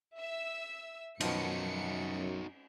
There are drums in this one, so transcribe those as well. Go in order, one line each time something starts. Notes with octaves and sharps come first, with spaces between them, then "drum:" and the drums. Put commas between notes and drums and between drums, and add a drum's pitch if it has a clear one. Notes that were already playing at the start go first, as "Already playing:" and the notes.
E5 E6
F#2 B2 D#3 F3 D#4 F#4 C#7, drum: cymbal